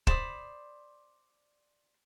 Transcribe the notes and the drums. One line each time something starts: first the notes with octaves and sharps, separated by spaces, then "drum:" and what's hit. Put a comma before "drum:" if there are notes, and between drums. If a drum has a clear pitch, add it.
C5 D5 B5 D#6, drum: kick